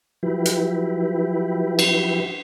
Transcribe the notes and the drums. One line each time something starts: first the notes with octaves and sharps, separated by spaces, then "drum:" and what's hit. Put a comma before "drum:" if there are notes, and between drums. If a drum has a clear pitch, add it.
F3 F#3 E4 G4 B4
drum: hi-hat
drum: cymbal